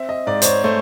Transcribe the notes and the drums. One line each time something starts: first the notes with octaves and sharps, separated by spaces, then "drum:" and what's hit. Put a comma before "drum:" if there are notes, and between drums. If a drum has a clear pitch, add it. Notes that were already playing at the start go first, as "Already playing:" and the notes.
Already playing: C4 E5
D#5
G#2 D5
C5, drum: hi-hat
C#5
A3 C5